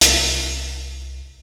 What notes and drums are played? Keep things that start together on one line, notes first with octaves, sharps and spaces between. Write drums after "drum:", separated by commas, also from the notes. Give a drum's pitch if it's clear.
C2, drum: hi-hat